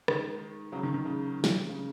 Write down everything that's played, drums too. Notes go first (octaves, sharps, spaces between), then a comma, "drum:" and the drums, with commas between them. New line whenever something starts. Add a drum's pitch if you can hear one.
D#3 G#3, drum: rim click
C#3 F#3
D#3
D#3
C#3
drum: snare
C#3